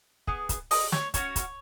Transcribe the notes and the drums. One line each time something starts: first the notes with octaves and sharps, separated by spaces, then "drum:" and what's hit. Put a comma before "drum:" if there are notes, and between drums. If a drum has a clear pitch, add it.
B3 G#4, drum: kick
drum: kick, hi-hat
D#5, drum: open hi-hat
C#5, drum: snare
C#4 F#4 C#5, drum: kick, hi-hat
drum: kick, hi-hat